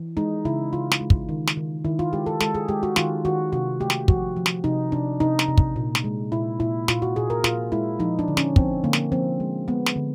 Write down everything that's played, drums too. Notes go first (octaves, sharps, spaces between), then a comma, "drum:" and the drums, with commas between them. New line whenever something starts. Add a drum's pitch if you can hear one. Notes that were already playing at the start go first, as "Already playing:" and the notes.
Already playing: E3
G#3 D#4
C#3 E4
C#3 F4
drum: snare
G#3
drum: kick
D#3
drum: snare
D#3
D#3 E4
F4
G#3 G4
A4
G#3 A4, drum: snare
G#4
G#3 G4
F#4
D#3 F4, drum: snare
D#3 F#4
C3 F#4
A3 G4
drum: snare
F3 F#4, drum: kick
F3
drum: snare
C3 D#4
C3 D4
C3 D#4
drum: snare
C3
drum: kick
A#2
drum: snare
G#3
A#2 E4
A#2 E4
A#2 F4, drum: snare
F#4
A#2 G#4
A#4
A#2 F4, drum: snare
G#3 E4
F3 D#4
D4
D3
C#4, drum: snare
F3 C4, drum: kick
D3 A#3
drum: snare
F3 C4
G#3
G#3 B3
drum: snare
D3